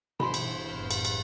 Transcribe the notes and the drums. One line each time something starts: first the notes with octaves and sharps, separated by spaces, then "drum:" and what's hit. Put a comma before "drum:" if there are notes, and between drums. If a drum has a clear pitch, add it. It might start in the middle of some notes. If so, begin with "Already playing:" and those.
G1 E3 G3 E4 C5 B5 C6, drum: tom B2
drum: cymbal
F#1 A2 B3 B4 F6 B6
drum: cymbal
drum: cymbal